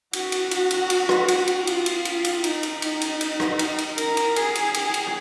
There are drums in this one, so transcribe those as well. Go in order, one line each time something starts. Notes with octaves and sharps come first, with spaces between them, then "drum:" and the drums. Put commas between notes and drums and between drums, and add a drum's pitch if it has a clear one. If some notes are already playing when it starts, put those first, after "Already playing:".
F#4, drum: cymbal
drum: cymbal
F#4, drum: cymbal
drum: cymbal
drum: cymbal
drum: rim click
drum: cymbal
drum: cymbal
F4, drum: cymbal
drum: cymbal
drum: cymbal
drum: cymbal
D#4, drum: cymbal
drum: cymbal
D#4, drum: cymbal
drum: cymbal
drum: cymbal
drum: rim click
drum: cymbal
drum: cymbal
A#4, drum: cymbal
drum: cymbal
G#4, drum: cymbal
drum: cymbal
G#4, drum: cymbal
drum: cymbal